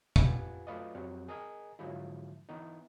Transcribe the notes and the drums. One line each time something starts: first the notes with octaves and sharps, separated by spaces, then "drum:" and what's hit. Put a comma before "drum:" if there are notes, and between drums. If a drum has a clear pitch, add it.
F4 G4 B4 F#5 G#5, drum: kick
F#3 A3 F4 B4 D5 D#5
F2 F#3 C4 G4 F#5
G#4 A#4 D#5 G#5
G#2 D3 F3 F#3 G#3 E4
E3 B3 D#4